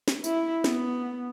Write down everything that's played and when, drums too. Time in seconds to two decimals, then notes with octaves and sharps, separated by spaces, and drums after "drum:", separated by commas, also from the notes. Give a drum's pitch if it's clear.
0.08 drum: snare
0.24 E4, drum: tambourine
0.64 B3, drum: snare